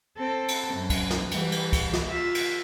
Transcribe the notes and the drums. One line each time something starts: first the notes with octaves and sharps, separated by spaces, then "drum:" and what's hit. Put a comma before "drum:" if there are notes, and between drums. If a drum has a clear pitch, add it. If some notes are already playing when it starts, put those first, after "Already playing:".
C4 A4
drum: cymbal
F#2
drum: kick, cymbal
drum: snare
E3 G3, drum: cymbal
drum: cymbal
drum: kick, cymbal
drum: snare
F4 E5
drum: cymbal